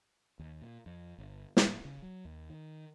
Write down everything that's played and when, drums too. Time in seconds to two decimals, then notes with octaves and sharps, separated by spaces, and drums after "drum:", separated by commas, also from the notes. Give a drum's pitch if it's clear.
0.39 D#2
0.62 A#2
0.86 F2
1.18 G1
1.57 A2, drum: snare
1.85 C#3
2.02 F#3
2.25 D#2
2.50 D#3